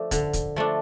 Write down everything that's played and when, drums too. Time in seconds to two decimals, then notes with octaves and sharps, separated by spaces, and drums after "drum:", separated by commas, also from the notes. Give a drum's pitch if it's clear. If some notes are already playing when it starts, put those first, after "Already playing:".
Already playing: F3 A3 D4
0.11 D3, drum: kick, hi-hat
0.33 drum: kick, hi-hat
0.56 F3 A3 D4